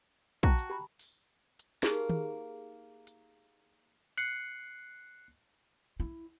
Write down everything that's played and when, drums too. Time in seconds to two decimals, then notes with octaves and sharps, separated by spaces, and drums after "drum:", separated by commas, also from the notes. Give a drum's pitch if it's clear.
0.43 F#4 G5 A5 A#5, drum: kick
0.59 drum: hi-hat
0.70 G4 B5
0.99 drum: open hi-hat
1.59 drum: hi-hat
1.83 A#3 D#4 G4 G#4, drum: snare
2.09 drum: tom D#3
3.07 drum: hi-hat
4.17 F#6 C7 C#7, drum: hi-hat
6.00 E4